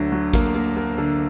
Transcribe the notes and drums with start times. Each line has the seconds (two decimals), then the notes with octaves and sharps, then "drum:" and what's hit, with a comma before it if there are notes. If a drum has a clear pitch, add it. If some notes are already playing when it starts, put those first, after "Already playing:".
Already playing: D2 D3 F#3
0.12 F#3
0.34 A#3, drum: kick A1, hi-hat
0.55 A#3
0.77 A#3
0.98 D3